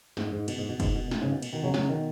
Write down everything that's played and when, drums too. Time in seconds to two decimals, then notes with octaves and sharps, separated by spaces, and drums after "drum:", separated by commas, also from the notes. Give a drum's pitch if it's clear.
0.17 G#2, drum: snare
0.32 G#2
0.48 B2, drum: cymbal
0.58 G#2
0.69 B2
0.80 G#2, drum: kick, cymbal
0.95 B2
1.11 B2, drum: snare
1.21 G#2 C#3
1.32 B2
1.42 drum: cymbal
1.53 B2 D#3
1.64 C#3 F#3
1.74 C#3 F#3, drum: snare
1.89 B2 D#3